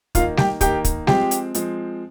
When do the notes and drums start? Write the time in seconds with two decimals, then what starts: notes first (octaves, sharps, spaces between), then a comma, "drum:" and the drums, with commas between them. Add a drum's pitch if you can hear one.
0.15 D#3 A#3 D#4 F4 F5, drum: kick, hi-hat
0.37 G4 G5, drum: snare G3
0.61 D#3 A#3 D#4 G4 G5, drum: kick, hi-hat
0.85 drum: kick, hi-hat
1.07 F3 G#3 C4 G4 G5, drum: snare G3
1.31 drum: hi-hat
1.55 F3 G#3 C4, drum: hi-hat